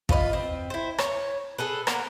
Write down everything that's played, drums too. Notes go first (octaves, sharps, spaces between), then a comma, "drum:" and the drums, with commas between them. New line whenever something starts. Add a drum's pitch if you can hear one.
F4 B4 C#5 D#5, drum: kick
C4
E4 C5
C#5, drum: rim click
G#4 A4 B4
A#3 B3 A#4, drum: rim click